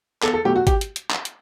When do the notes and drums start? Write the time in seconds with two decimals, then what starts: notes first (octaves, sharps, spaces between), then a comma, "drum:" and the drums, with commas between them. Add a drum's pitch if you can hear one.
0.23 E2 A4, drum: clap
0.34 A4
0.45 B2 F#3 A3 G4
0.56 F#4
0.67 G4, drum: kick G#1, hi-hat
0.81 drum: hi-hat
0.96 drum: hi-hat
1.11 drum: clap
1.25 drum: hi-hat